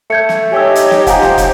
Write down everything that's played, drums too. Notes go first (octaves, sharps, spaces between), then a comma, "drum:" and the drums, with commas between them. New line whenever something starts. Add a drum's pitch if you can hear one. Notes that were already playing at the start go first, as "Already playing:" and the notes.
A3 G6 G#6 C#7
drum: snare
D#4 G4 C#5 G#5 E6
drum: hi-hat
drum: snare
F3 C5 F#5 G#5 A#5, drum: kick, hi-hat
drum: snare
drum: kick, hi-hat